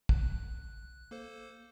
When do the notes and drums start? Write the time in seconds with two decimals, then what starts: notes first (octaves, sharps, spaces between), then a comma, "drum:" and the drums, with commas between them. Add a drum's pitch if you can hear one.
0.09 F#6, drum: kick
1.11 A#3 A4 C5